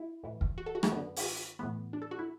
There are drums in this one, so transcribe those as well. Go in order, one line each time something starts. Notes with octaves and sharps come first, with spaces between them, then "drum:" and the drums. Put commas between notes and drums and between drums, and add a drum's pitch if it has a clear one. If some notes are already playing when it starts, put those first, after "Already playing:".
Already playing: E4
A2 E3
drum: kick
F#4
A4
F#4
A3, drum: rim click
F#2 D3 B3
drum: open hi-hat
A2 E3 B3
D4
A4
F#4
E4